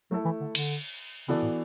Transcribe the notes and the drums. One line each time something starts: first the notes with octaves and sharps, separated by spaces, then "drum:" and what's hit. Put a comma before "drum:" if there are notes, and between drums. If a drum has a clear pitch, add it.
F#3 A3 E4 A4
E3
D3
D3, drum: cymbal
C#3 E3 B3 F#4 A4 D5
A2